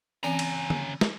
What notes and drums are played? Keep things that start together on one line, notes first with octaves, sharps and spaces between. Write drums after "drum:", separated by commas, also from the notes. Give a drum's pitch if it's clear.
C#3 E3 C4 C#4 G#5 A#5
drum: cymbal
drum: tom D3
drum: snare